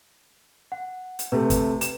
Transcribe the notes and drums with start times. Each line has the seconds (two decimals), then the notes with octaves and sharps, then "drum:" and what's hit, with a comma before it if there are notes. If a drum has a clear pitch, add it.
0.72 F#5
1.19 drum: hi-hat
1.32 C3 A3 B4
1.50 drum: kick, hi-hat
1.81 E7, drum: hi-hat